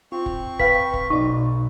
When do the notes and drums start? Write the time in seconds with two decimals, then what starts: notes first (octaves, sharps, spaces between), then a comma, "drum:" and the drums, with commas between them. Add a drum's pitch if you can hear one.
0.12 C4 F4 C#6
0.26 drum: kick
0.60 B4 F5 G5 B6, drum: kick
0.93 drum: kick
1.10 B1 D#4 D5 C#6